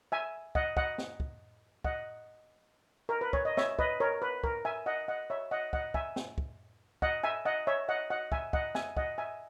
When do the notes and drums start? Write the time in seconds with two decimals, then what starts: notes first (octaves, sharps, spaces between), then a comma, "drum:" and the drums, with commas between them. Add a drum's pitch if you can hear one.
0.12 E5 G#5
0.55 D#5 F#5, drum: kick
0.77 D#5 F#5, drum: kick
0.98 drum: snare
1.20 drum: kick
1.84 D#5 F#5, drum: kick
3.09 A#4
3.21 B4
3.33 C#5, drum: kick
3.45 D#5
3.57 C#5 E5, drum: snare
3.79 B4 D#5, drum: kick
4.00 A#4 C#5
4.22 B4
4.44 A#4, drum: kick
4.65 E5 G#5
4.86 D#5 F#5
5.08 D#5 F#5
5.30 C#5 E5
5.51 D#5 F#5
5.73 D#5 F#5, drum: kick
5.94 E5 G#5, drum: kick
6.16 drum: snare
6.38 drum: kick
7.02 D#5 F#5, drum: kick
7.24 E5 G#5
7.45 D#5 F#5
7.67 C#5 E5
7.89 D#5 F#5
8.10 D#5 F#5
8.32 E5 G#5, drum: kick
8.53 D#5 F#5, drum: kick
8.75 E5 G#5, drum: snare
8.97 D#5 F#5, drum: kick
9.18 E5 G#5